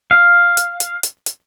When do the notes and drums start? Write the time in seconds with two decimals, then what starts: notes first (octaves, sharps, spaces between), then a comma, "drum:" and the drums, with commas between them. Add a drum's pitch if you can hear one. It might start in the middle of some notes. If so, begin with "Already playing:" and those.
0.11 F5
0.57 drum: hi-hat
0.80 drum: hi-hat
1.03 drum: hi-hat
1.26 drum: hi-hat